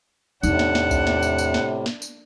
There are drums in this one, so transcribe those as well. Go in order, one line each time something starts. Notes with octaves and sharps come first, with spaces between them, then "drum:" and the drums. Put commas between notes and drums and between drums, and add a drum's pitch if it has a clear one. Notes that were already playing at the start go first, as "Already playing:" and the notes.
E2 A2 C3 D4 D#4 F#5, drum: tambourine
drum: snare
drum: snare
drum: kick C2, tambourine
drum: snare
drum: tambourine
drum: tambourine
drum: snare
drum: snare
drum: tambourine